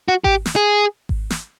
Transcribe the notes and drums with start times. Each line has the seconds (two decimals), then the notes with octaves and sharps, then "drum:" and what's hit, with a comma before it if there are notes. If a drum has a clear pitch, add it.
0.08 F#4
0.24 G4, drum: kick G#1
0.46 drum: snare
0.56 G#4
1.09 drum: kick G#1
1.30 drum: snare